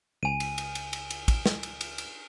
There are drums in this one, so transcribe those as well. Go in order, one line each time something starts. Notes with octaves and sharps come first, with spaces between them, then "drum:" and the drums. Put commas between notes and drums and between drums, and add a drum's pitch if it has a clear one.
C#2 G#5 D#7
drum: cymbal
drum: cymbal
drum: cymbal
drum: cymbal
drum: cymbal
drum: kick, cymbal
drum: snare
drum: cymbal
drum: cymbal
drum: cymbal